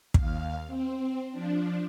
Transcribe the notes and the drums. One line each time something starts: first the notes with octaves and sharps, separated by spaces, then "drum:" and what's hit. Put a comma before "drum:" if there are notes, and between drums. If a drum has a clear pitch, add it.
D#2 F5, drum: kick
C4
F3 D4